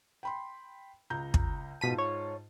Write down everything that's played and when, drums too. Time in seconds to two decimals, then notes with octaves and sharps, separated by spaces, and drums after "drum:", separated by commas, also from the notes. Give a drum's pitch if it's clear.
0.23 G5 B5 C6
1.10 C#2 A#5 G6
1.34 drum: kick
1.81 G#2 B2 F4 A5 B6 D#7
1.98 C#5